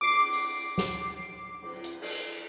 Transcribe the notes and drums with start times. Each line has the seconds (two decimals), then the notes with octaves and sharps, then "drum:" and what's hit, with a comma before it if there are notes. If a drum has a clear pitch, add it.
0.01 D6 C7, drum: cymbal
0.33 drum: open hi-hat
0.78 drum: snare
0.91 drum: hi-hat
1.62 drum: cymbal
1.84 drum: hi-hat
2.02 drum: cymbal